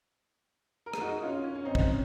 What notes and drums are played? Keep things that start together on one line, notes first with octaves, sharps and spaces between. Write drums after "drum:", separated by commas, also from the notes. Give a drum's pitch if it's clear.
A#4
G#4, drum: rim click
D#4 F#4
D#4
C#4 F4
C#4
C#4
C4 D#4
drum: kick
C#4